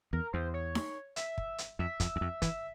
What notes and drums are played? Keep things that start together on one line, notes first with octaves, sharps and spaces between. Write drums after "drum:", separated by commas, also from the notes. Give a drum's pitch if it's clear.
E2 A#4
E2 C5
C#5
drum: snare D#4
E5, drum: hi-hat
drum: kick
drum: hi-hat
F2 E5
F2, drum: kick, hi-hat
E2
F2
E3, drum: kick, hi-hat